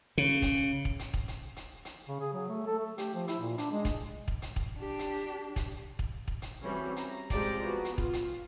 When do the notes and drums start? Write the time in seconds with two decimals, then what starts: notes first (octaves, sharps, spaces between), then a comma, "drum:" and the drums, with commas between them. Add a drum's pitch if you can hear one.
0.18 C#3
0.42 drum: kick, hi-hat
0.85 drum: kick
0.99 drum: hi-hat
1.14 drum: kick
1.28 drum: hi-hat
1.56 drum: hi-hat
1.85 drum: hi-hat
2.08 C#3
2.20 G#4
2.33 F#3
2.49 A3
2.67 A4
2.78 A3
2.98 G4, drum: hi-hat
3.15 F3
3.28 E4, drum: hi-hat
3.40 A#2
3.58 D4, drum: hi-hat
3.71 G#3
3.85 drum: kick, hi-hat
4.28 drum: kick
4.42 drum: hi-hat
4.56 drum: kick
4.78 D4 G4
4.99 drum: hi-hat
5.56 drum: kick, hi-hat
5.99 drum: kick
6.28 drum: kick
6.42 drum: hi-hat
6.62 E3 G3 C4 C#4 E4 F#4
6.96 A#5, drum: hi-hat
7.30 F3 G#3 C4 G4 D5 A#5, drum: kick, hi-hat
7.63 B3 F#4 G#4
7.85 drum: hi-hat
7.98 F4, drum: kick
8.13 drum: hi-hat